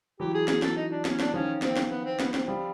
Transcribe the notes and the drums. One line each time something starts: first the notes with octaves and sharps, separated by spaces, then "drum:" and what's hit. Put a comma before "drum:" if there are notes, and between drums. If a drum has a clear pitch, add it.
E3 F#3 G4
G#4
G#4, drum: snare
A4, drum: snare
D#4
D4
C#4, drum: snare
D4, drum: snare
D#3 F3 C#4
C4, drum: snare
drum: snare
B3
C4
B3, drum: snare
C4, drum: snare
F3 G3